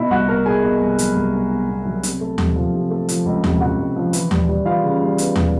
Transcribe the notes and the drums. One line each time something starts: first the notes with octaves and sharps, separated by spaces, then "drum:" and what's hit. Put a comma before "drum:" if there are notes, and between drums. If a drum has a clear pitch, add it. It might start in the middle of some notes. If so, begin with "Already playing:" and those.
Already playing: B2 E4 E5
C2 F#4 F#5
B2 A#4 A#5
B2 G#4 G#5
B2
C2
F#3, drum: hi-hat
C2
B2
B2
B2
F#3
C3, drum: hi-hat
A3
C3, drum: tom D#2
F3
C3
A3
F3, drum: hi-hat
C#2
C3, drum: tom D#2
C#2 F#4 F#5
C#2
F3
E3, drum: hi-hat
G3, drum: tom D#2
G3
E3 F4 F5
C#3
G3
B3, drum: hi-hat
G3, drum: tom D#2